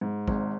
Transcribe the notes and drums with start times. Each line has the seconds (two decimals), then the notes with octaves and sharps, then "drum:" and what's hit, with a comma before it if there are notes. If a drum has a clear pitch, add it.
0.01 G#2
0.28 G#1, drum: kick G#1